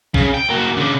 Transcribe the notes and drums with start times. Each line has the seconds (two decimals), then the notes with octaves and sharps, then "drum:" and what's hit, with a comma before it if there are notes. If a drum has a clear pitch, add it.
0.14 C#3, drum: kick
0.34 G5
0.50 A#3 F#4
0.77 C#3 D4